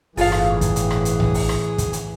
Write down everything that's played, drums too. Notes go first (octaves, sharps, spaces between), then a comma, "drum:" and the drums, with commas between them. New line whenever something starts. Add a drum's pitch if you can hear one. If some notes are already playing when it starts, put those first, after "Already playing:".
G1 A2 E3 F4 G#4 A4 F5, drum: open hi-hat
drum: rim click
drum: kick, hi-hat
drum: hi-hat
drum: rim click
drum: hi-hat
drum: tom A#1
drum: open hi-hat
drum: rim click
drum: kick, hi-hat
drum: hi-hat